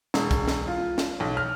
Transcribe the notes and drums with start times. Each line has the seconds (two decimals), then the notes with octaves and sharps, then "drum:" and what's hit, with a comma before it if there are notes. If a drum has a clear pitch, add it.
0.14 E1, drum: snare
0.31 drum: kick, hi-hat
0.48 drum: snare
0.67 F4
0.98 drum: snare
1.20 B1
1.37 F6